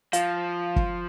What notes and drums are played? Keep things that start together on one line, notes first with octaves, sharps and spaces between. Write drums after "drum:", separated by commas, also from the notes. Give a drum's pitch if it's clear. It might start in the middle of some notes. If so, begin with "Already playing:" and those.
F3 F5, drum: hi-hat
drum: kick